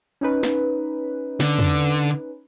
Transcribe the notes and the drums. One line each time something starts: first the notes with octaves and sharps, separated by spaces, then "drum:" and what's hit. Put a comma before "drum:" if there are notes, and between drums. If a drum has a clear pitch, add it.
C#4 D#4 B4
drum: snare
D3, drum: snare
drum: tom